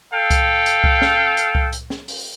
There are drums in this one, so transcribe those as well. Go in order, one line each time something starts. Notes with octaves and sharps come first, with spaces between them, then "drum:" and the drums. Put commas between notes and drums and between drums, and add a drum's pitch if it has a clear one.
A4 F5 G5
drum: kick C2, hi-hat
drum: hi-hat
drum: kick C2
drum: snare
drum: hi-hat
drum: kick C2
drum: hi-hat
drum: snare
drum: open hi-hat